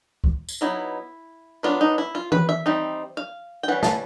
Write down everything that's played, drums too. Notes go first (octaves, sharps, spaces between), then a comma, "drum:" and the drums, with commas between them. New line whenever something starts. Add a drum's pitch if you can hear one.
drum: kick C#2
drum: tambourine
F#3 B3 D#4 E4
F#3 B3 D4 F4
D#4
E4
F4
B4, drum: tom E3
E5
G3 C4 D#4
F5
G5
E3 G3 C#4 F#5
A5, drum: snare